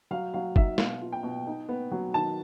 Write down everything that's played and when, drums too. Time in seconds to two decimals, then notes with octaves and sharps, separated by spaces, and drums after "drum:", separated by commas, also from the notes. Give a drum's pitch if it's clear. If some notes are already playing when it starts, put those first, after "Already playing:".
0.11 F#3 F5
0.34 F#3 F5
0.56 D#4 E5, drum: kick
0.78 B2 F5, drum: snare
1.02 F4
1.12 G5
1.23 B2
1.47 D#4
1.69 B3
1.91 F#3
2.14 D#3 A5